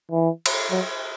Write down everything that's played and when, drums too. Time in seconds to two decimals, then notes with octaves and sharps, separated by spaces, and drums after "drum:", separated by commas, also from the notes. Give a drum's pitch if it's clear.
0.12 E3
0.46 drum: cymbal
0.71 F#3